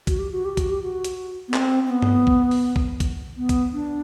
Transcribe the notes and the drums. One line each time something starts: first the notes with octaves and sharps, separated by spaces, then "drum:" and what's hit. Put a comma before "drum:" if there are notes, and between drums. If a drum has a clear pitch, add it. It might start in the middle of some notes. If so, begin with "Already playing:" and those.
F#4, drum: kick A#1, hi-hat
G4
F#4
G4
F#4, drum: kick A#1, hi-hat
G4
F#4
drum: hi-hat
B3
C4, drum: clap
C4
B3
drum: tom G2
drum: kick A#1
drum: open hi-hat
drum: kick A#1
drum: kick A#1, hi-hat
B3
drum: kick A#1, hi-hat
D4